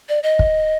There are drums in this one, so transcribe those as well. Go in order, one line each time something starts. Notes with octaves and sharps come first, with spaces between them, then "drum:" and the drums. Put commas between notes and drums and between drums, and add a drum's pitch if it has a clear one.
D5
D#5
drum: kick